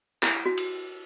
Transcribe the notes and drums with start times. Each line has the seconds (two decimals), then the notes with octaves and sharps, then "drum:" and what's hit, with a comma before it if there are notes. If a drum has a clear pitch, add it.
0.23 E4, drum: clap
0.46 F#4
0.58 drum: cymbal